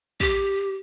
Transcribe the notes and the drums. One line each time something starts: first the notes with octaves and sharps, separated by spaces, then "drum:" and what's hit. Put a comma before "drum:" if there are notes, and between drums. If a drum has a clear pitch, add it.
G4, drum: kick